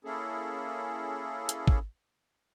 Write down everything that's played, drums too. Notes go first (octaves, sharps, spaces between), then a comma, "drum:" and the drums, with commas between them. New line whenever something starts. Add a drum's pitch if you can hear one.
A#3 C#4 E4 G#4 A4
drum: hi-hat
drum: kick